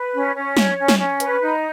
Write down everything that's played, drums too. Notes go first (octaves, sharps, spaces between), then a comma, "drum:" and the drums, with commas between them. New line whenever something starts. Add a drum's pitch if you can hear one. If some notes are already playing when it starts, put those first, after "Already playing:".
Already playing: B4
C#4
C#4
C#5, drum: snare
C#4
drum: snare
C#4
B4, drum: hi-hat
D#4